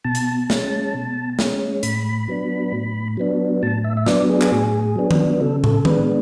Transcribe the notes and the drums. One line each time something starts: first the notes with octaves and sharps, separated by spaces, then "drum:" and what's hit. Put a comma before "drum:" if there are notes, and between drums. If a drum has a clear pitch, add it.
B2 A5
drum: hi-hat
G#3 C#4, drum: snare
B2
G#3 C#4, drum: snare
A2 B5, drum: hi-hat
F#3 B3 D4
A2
F#3 B3 D4
A2 A5
E5
E5
F#3 B3 D4 D5, drum: snare
G#4
drum: clap
A2
F#3 B3 D4
drum: tom D#3
C#3 A4
A4, drum: tom
G#3 B3 D4 B4, drum: tom D#3